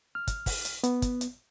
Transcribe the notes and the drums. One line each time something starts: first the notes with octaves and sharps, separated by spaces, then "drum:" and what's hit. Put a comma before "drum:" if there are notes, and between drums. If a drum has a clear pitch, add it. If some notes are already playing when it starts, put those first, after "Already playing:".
F6
drum: kick, hi-hat
drum: kick, open hi-hat
drum: hi-hat
B3, drum: hi-hat
drum: kick, hi-hat
drum: hi-hat